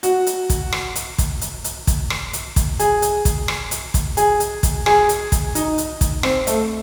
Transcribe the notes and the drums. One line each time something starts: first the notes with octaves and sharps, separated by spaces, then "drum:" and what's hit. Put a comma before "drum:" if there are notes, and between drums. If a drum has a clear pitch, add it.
F#4, drum: hi-hat
drum: hi-hat
drum: kick, hi-hat
drum: rim click
drum: hi-hat
drum: kick, hi-hat
drum: hi-hat
drum: hi-hat
drum: kick, hi-hat
drum: rim click
drum: hi-hat
drum: kick, hi-hat
G#4, drum: hi-hat
drum: hi-hat
drum: kick, hi-hat
drum: rim click
drum: hi-hat
drum: kick, hi-hat
G#4, drum: hi-hat
drum: hi-hat
drum: kick, hi-hat
G#4, drum: rim click
drum: hi-hat
drum: kick, hi-hat
D#4, drum: hi-hat
drum: hi-hat
drum: kick, hi-hat
C4, drum: rim click
A3, drum: hi-hat